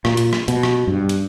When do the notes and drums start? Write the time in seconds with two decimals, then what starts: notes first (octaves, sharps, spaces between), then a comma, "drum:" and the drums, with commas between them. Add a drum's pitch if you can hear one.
0.05 A#2, drum: rim click
0.17 drum: hi-hat
0.33 drum: rim click
0.48 B2, drum: hi-hat
0.63 drum: rim click
0.87 G2
1.09 drum: hi-hat